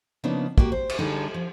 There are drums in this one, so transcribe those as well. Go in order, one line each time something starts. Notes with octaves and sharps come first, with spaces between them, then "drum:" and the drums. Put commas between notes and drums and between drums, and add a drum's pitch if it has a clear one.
C#3 F3 A#3 B3 D4 D#4
A#3 F#4 G4, drum: kick
C5
drum: cymbal
D3 G3 D#4 G#4 A4
F3